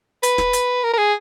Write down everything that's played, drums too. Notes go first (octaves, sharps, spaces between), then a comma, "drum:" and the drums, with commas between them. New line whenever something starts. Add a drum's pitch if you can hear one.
B4, drum: hi-hat
drum: snare
drum: hi-hat
A#4
A#4
G#4